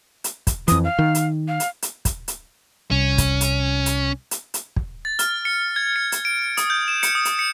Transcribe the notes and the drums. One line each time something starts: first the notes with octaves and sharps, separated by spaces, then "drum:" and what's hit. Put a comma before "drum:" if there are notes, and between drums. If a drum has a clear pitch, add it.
drum: hi-hat
drum: kick, hi-hat
F2 E3 D#6, drum: hi-hat
F5
D#3
drum: hi-hat
F5
drum: hi-hat
drum: hi-hat
drum: kick, hi-hat
drum: hi-hat
C2 C#4
drum: kick, hi-hat
drum: hi-hat
drum: hi-hat
drum: hi-hat
drum: hi-hat
drum: kick
A6
F6, drum: hi-hat
C#7
G#6
C#7
drum: hi-hat
D7
D#6, drum: hi-hat
G6
E7
C#7, drum: hi-hat
D#6
drum: hi-hat
C#7